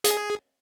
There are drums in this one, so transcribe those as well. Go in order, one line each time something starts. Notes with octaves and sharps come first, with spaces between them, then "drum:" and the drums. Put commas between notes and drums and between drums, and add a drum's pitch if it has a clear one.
G#4, drum: hi-hat